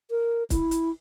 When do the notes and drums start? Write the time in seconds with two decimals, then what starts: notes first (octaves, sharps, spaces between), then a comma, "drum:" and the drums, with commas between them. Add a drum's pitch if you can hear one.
0.11 A#4
0.50 E4, drum: kick, hi-hat
0.71 drum: hi-hat